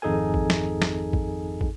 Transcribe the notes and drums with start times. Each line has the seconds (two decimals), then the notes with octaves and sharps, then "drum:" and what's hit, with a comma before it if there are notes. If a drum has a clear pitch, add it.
0.02 G#1 F2 D#4 G#4 A4 G#5
0.34 drum: kick
0.50 drum: snare
0.82 drum: snare
1.13 drum: kick
1.61 drum: kick